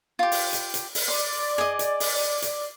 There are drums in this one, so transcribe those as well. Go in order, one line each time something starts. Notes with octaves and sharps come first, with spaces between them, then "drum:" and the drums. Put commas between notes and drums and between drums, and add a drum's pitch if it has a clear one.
F4 G4
drum: open hi-hat
drum: hi-hat
drum: hi-hat
drum: open hi-hat
D5 C6
G#4 D#5, drum: rim click
drum: hi-hat
drum: open hi-hat
drum: hi-hat